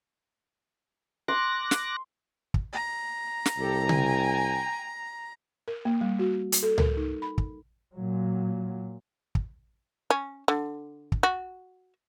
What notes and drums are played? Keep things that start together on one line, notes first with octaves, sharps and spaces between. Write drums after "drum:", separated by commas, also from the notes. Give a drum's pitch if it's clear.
C6 D6 F#6 A#6
drum: snare
drum: kick
A#5
drum: snare
C2 G4 A4
G5 G#5, drum: tom C#3
A#4
A#3
G3
F#4
drum: hi-hat
A4
A#4, drum: tom C#2
D#4
B5
drum: kick
A#2 F#3
drum: kick
C#4
D3
drum: kick
F#4